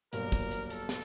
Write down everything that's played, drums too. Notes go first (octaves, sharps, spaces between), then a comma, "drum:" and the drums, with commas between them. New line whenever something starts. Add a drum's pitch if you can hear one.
G1 G2 F#3 A#3 A#4, drum: hi-hat
drum: kick, hi-hat
drum: hi-hat
A4, drum: hi-hat
drum: snare